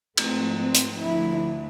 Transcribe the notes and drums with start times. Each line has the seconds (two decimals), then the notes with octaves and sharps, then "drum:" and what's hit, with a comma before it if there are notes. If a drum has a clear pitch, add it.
0.18 G#2 F3 A3 C4, drum: cymbal
0.59 C4
0.75 drum: hi-hat
1.00 D2 D3 F3 A3 E4